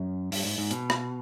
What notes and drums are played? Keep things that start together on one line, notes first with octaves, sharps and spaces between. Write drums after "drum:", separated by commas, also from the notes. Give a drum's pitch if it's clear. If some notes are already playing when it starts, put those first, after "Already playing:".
Already playing: F#2
G2, drum: open hi-hat
G#2
G#2
B2, drum: hi-hat
drum: rim click